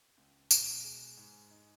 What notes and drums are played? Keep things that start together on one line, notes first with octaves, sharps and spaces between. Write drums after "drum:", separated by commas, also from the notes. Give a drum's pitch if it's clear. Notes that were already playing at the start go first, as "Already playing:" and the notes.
C#2
B2, drum: tambourine
G#3
G#2
D#4